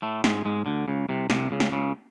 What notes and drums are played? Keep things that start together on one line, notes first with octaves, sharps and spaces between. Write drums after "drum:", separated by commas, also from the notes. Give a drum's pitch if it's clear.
A2 A3
G#2 G#3, drum: snare
G#2 G#3
D2 D3
C#2 C#3
C2 C3
C2 C3, drum: snare
C#2 C#3
drum: snare
C#2 C#3